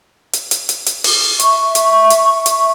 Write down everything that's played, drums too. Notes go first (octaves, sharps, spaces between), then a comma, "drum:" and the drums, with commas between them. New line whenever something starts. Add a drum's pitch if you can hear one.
drum: hi-hat
drum: hi-hat
drum: hi-hat
drum: hi-hat
drum: open hi-hat
E5 C#6, drum: hi-hat
drum: hi-hat
drum: hi-hat
drum: hi-hat